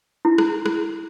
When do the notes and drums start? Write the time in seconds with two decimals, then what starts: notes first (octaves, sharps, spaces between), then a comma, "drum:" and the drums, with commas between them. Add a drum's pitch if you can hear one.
0.25 E4
0.38 drum: rim click
0.66 drum: rim click